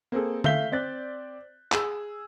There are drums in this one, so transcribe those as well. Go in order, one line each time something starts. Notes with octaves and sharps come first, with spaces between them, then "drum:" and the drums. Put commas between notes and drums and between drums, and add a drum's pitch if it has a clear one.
A#3 C4 G#4 A4
A3 E5 F5 G6 B6 G7, drum: tom D3
C4 D5 F#6 A6
G#4 E6, drum: clap